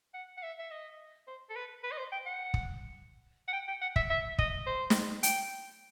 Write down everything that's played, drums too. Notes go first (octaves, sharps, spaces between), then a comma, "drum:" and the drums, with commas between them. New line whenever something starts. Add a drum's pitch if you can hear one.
F#5
F#5
E5
E5
D#5
C5
A4
B4
B4
D#5
C5
G5
F#5
drum: kick
F#5
G5
G5
F#5
E5, drum: kick
E5
D#5, drum: kick
C5
drum: snare
G5, drum: hi-hat